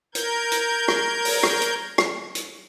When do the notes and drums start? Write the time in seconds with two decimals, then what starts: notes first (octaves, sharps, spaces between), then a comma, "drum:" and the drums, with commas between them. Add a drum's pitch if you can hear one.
0.15 A#4 G6 G#6, drum: hi-hat
0.52 drum: hi-hat
0.88 drum: rim click
1.25 drum: open hi-hat
1.43 drum: rim click
1.62 drum: hi-hat
1.98 drum: rim click
2.35 drum: hi-hat